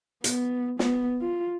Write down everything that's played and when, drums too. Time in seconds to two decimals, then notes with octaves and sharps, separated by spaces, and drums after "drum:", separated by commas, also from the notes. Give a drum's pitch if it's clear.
0.24 B3, drum: hi-hat
0.79 B3, drum: snare
1.22 F4